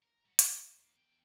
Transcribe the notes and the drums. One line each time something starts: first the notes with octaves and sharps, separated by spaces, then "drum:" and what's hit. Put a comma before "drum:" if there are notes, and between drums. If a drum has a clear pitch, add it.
A#4
G3 F#4
A#4, drum: hi-hat
F3
D#2 A#3
E2 G5